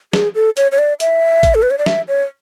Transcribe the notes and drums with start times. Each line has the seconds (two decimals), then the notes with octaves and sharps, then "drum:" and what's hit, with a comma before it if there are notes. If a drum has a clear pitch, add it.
0.13 G#4, drum: snare
0.35 A4
0.57 C#5, drum: hi-hat
0.72 C#5
0.79 D5
1.00 E5, drum: hi-hat
1.43 drum: kick A1, hi-hat
1.55 A4
1.62 B4
1.71 C#5
1.78 D5
1.86 E5, drum: snare
2.08 C#5